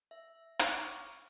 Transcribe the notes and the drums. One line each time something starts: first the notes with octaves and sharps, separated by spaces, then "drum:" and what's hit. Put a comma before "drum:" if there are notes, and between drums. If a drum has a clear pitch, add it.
E5
C#6 D6 F6, drum: hi-hat